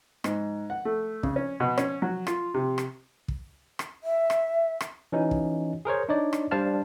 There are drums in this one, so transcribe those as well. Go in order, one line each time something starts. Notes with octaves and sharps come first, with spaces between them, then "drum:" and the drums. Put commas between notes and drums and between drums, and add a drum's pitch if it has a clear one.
G#2, drum: rim click
F#5
A3
C#3, drum: kick
C#4
B2
C#4, drum: rim click
F#3
F4, drum: rim click
C3
drum: rim click
drum: kick
drum: rim click
E5
drum: rim click
drum: rim click
E3 C#4 D#4 F#4
drum: kick
G#4 A#4 C5 C#5
D4 D#4 C#5 D5
drum: rim click
G3 D4 C5 F5 A5 F6